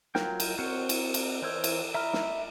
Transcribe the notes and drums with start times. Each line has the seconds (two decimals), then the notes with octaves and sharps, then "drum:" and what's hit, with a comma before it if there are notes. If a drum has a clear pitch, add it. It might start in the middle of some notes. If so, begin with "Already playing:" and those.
0.15 F#3 F4 A#4 G5, drum: snare
0.40 drum: cymbal
0.58 C4 F#4 A#4 C5 C#5
0.89 drum: cymbal
1.14 drum: cymbal
1.42 E3 A#4 C5 C#5 E6
1.64 drum: cymbal
1.94 E5 A#5 B5 F6
2.13 drum: snare